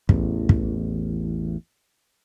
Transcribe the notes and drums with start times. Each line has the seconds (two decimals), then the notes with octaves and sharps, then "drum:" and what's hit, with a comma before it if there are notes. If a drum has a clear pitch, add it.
0.09 A1 E2, drum: kick
0.49 drum: kick